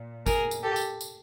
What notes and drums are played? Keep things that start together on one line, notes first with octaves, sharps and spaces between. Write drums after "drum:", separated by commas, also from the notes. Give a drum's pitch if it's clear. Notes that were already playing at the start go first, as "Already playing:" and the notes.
Already playing: A#2
G#4 A#4, drum: kick, tambourine
drum: tambourine
G4 A4
drum: tambourine
drum: tambourine